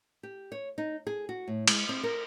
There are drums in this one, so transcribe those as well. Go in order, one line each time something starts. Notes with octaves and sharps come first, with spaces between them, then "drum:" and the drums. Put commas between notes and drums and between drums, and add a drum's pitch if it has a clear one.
G4
C#5
D#4
G#4
F#4
A2
G#3, drum: cymbal
C4
A#4